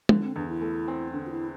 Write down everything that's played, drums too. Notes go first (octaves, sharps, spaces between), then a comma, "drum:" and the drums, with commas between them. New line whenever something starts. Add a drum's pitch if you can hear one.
D3 F3, drum: tom
C4
E2 D4
E4
A3
C4
D3
F4
E4